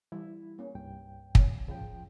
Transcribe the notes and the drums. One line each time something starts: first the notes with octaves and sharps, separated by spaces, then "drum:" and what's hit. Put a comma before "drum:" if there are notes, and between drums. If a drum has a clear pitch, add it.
E3 G3 E4
A#3 C#4
C2 G2 G5
C#4, drum: kick
C#2 C#3 F3 G5